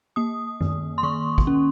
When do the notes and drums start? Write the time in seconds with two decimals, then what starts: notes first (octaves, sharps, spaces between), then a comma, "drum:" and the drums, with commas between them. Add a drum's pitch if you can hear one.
0.16 A#3 D#6
0.61 D#3, drum: tom F#2
0.98 C6
1.03 D#3 C#6
1.38 drum: kick
1.47 C#4